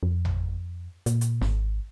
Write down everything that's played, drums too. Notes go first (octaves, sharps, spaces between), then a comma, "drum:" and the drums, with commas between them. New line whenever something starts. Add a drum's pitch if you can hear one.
F2
drum: tom G#1
A#2, drum: hi-hat
drum: hi-hat
G#1, drum: snare